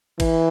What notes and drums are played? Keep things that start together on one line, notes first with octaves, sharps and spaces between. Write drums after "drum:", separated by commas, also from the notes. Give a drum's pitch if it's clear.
E3, drum: kick, cymbal